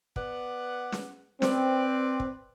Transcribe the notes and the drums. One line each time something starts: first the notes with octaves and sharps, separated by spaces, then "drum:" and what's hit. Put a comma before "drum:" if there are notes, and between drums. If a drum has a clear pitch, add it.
B3 D5 F#5, drum: kick
drum: snare
C4 B4 D5, drum: snare
drum: kick